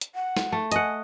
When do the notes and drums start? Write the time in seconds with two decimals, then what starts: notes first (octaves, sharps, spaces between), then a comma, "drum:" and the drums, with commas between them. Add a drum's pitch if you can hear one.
0.01 drum: hi-hat
0.15 F#5
0.37 drum: snare
0.52 A3
0.72 D#5 F#5 G#5, drum: hi-hat